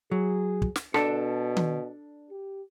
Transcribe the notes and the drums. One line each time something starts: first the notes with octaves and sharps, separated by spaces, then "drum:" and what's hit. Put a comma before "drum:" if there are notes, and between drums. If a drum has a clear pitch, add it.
F#3 G#4
drum: kick
drum: snare
B2 D4 A4, drum: rim click
drum: tom D#3
G4